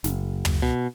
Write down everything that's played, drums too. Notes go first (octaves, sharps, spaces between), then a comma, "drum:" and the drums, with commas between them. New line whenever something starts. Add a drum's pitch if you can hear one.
F#1, drum: snare
drum: tom
B2